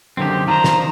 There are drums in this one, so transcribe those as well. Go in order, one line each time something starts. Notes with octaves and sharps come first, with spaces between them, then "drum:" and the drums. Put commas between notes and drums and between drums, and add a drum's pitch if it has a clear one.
F#2 D3 D#3 C4 G4
D#3 F3 D4 C5 A#5
drum: snare